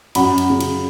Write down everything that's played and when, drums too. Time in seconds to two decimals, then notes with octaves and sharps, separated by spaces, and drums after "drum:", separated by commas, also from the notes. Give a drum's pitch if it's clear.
0.15 F#2 F#5 B5, drum: cymbal
0.38 drum: cymbal
0.50 C#3
0.60 drum: cymbal